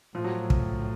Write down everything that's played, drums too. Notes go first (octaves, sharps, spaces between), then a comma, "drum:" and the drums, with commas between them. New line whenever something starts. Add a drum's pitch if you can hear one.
A2 F3
F#3
drum: kick